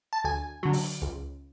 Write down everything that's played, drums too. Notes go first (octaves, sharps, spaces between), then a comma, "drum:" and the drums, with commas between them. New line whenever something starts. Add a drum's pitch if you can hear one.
A5
D2 G#5
D3 F#3
drum: open hi-hat
C#2